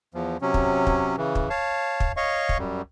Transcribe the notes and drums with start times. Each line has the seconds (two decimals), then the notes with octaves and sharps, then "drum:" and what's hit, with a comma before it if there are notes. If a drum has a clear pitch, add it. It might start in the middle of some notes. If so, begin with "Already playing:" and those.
0.14 E2 F3
0.42 C3 F#3 C#4
0.54 drum: kick
0.87 drum: kick
1.17 C#3 E3
1.35 drum: kick
1.50 C#5 F5 A5
2.00 drum: kick
2.17 C#5 D#5 F5 C#6
2.49 drum: kick
2.58 F#2 G3